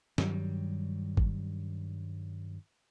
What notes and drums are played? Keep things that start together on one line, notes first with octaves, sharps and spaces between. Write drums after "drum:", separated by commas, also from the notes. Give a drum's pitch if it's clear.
G2 D#3 F#3 G3, drum: snare
drum: kick